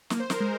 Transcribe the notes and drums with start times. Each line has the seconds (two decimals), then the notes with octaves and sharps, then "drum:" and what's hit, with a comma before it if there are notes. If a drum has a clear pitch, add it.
0.10 A#3, drum: snare
0.20 C5
0.30 A#4, drum: snare
0.40 G#3